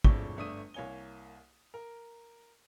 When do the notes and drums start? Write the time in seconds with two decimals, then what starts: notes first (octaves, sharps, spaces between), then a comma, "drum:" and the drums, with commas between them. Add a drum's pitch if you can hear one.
0.04 E1 F2 A2 D4 C#6 G7, drum: kick
0.37 G1 A3 D4 D#6 D#7
0.74 C2 A#3 C#5 G#5 G7
1.74 A#4